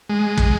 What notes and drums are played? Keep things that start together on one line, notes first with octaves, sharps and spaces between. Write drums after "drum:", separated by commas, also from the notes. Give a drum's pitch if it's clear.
G#3
drum: kick